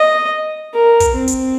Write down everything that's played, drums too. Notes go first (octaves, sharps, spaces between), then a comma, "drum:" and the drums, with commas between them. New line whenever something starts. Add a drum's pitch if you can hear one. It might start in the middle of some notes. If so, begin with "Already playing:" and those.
Already playing: D#5
A#4
drum: kick, hi-hat
C4
drum: hi-hat